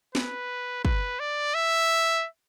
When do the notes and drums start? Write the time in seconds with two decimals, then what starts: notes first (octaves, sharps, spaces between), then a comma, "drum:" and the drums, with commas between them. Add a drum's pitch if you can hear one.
0.15 B4, drum: snare
0.85 B4, drum: kick
1.20 D5
1.55 E5